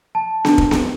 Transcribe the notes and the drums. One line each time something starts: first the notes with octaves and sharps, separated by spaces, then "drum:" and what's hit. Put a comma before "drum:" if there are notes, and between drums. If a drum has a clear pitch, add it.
A5
D4, drum: snare B3
drum: kick
drum: snare B3